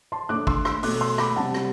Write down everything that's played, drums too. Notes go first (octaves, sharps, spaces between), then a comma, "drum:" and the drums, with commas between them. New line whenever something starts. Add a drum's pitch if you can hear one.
A5 C6
D3 A3 D6 F#6
C6 E6, drum: kick
C6 E6, drum: rim click
B2 A3 D6 F#6, drum: open hi-hat
C6 E6
B5 D6, drum: rim click
C3 G3 F#5 A5
drum: rim click